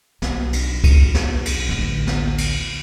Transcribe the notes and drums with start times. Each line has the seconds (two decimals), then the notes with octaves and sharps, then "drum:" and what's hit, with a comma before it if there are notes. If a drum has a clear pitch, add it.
0.22 B1, drum: snare
0.53 drum: cymbal
0.84 drum: kick C#2, cymbal
1.15 drum: snare
1.45 drum: cymbal
1.69 A1 D2
2.07 drum: snare
2.38 drum: cymbal